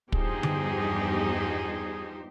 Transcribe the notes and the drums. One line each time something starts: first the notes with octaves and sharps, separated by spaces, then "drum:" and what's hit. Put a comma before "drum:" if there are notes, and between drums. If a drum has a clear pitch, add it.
E2 G2 F3 D#4 G4 G#4 C5, drum: kick
drum: tom D3